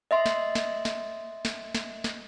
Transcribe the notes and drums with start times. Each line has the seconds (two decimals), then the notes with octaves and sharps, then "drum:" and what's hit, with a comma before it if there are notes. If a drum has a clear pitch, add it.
0.11 D#5 E5 C6
0.26 drum: snare
0.55 drum: snare
0.85 drum: snare
1.45 drum: snare
1.75 drum: snare
2.04 drum: snare